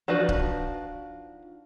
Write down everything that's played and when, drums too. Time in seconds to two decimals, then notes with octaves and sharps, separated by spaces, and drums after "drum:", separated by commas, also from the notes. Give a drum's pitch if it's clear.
0.08 F3 D4 D#4 F#4 B4
0.29 drum: kick C#1